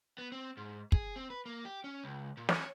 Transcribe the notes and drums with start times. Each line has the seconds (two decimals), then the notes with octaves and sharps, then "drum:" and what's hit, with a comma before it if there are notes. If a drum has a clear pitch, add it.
0.18 B3
0.32 C4
0.57 G#2
0.92 G#4, drum: kick
1.16 C4
1.30 B4
1.46 A#3
1.65 G4
1.84 C#4
2.04 C#2
2.37 A#2
2.49 C#5, drum: snare